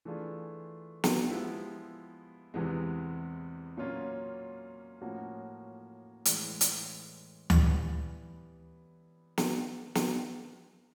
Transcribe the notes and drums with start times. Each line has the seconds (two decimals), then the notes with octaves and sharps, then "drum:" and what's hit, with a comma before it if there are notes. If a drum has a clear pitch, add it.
0.05 E3 A3 D4 F4 G#4
1.04 drum: snare
1.29 F3 G#3 B3 E4 G4
2.54 E2 C3 E3 G#3 B3
3.77 A#2 F#3 A#3 C#4 F4
5.01 A2 F3 A#3 C#4 F#4
6.25 A2 E3 G#3, drum: hi-hat
6.61 drum: hi-hat
7.50 E3 G3 B3, drum: tom D2
9.38 drum: snare
9.95 drum: snare